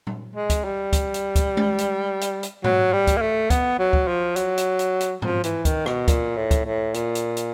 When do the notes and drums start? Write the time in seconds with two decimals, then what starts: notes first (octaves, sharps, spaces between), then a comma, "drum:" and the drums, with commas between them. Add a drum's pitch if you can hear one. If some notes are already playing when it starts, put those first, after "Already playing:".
0.07 drum: tom A#2
0.35 G#3
0.50 drum: kick, hi-hat
0.64 G3
0.93 drum: kick, hi-hat
1.14 drum: hi-hat
1.36 drum: kick, hi-hat
1.57 drum: tom G#3
1.78 drum: hi-hat
2.21 drum: hi-hat
2.43 drum: hi-hat
2.64 F#3, drum: tom G#2
2.93 G3
3.07 drum: kick, hi-hat
3.17 A#3
3.22 A3
3.50 B3, drum: kick, hi-hat
3.79 F#3
3.93 drum: kick
4.07 F3
4.36 F#3, drum: hi-hat
4.58 drum: hi-hat
4.79 drum: hi-hat
5.01 drum: hi-hat
5.22 F3, drum: tom G#2
5.44 E3, drum: hi-hat
5.65 D#3, drum: kick, hi-hat
5.86 B2, drum: rim click
6.08 A#2, drum: kick, hi-hat
6.37 A2
6.51 drum: kick, hi-hat
6.65 A2
6.94 A#2, drum: hi-hat
7.15 drum: hi-hat
7.37 drum: hi-hat